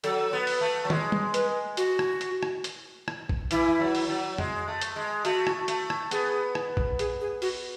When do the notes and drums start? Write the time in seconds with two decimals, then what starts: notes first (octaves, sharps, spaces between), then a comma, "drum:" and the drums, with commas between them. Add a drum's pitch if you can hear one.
0.04 F#3 A4, drum: hi-hat
0.33 B3
0.47 drum: open hi-hat
0.61 A3
0.85 F#3
0.90 G#3, drum: tom
1.12 drum: tom G3
1.34 B4, drum: hi-hat
1.77 F#4, drum: hi-hat
1.99 drum: rim click
2.21 drum: hi-hat
2.43 drum: rim click
2.64 drum: hi-hat
3.08 drum: rim click
3.29 drum: kick A1
3.51 E3 E4, drum: hi-hat
3.80 F#3
3.95 drum: open hi-hat
4.09 F#3
4.38 G#3, drum: tom F2
4.68 A3
4.81 drum: hi-hat
4.96 G#3
5.25 A3 F#4, drum: hi-hat
5.47 drum: rim click
5.68 A3, drum: hi-hat
5.90 drum: rim click
6.11 B3 G#4, drum: hi-hat
6.55 drum: rim click
6.77 drum: kick A1
6.99 G#4, drum: hi-hat
7.21 G#4
7.42 F#4, drum: open hi-hat